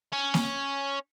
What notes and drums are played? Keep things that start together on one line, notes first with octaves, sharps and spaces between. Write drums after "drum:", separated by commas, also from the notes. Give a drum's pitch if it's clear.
C#4
drum: snare A#3